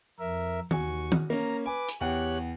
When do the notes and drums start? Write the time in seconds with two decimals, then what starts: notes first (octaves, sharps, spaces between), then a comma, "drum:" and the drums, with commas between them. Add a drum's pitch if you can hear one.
0.19 F2 A#4 E5
0.71 D#2 F#4 G#5 C#6, drum: tom D#3
1.12 drum: tom D#3
1.30 A#3 C#4 A#5
1.66 B4 G#5 D6
1.89 drum: hi-hat
2.01 E2 G4 C#5 F#5 G5 F#6